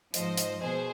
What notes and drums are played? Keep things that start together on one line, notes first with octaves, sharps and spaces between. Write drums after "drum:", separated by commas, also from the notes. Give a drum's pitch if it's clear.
G#2 F3 C5 D#5, drum: hi-hat
drum: hi-hat
B2 G#4 C5